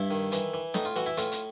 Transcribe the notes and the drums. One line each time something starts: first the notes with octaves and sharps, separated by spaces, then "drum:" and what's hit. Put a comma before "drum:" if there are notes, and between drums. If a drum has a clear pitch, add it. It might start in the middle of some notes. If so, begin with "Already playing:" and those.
Already playing: G2 E4
D#3
E3, drum: hi-hat
E3
A2 D#4, drum: snare
F4
E3 F#4
E4
A2 F4, drum: hi-hat
drum: hi-hat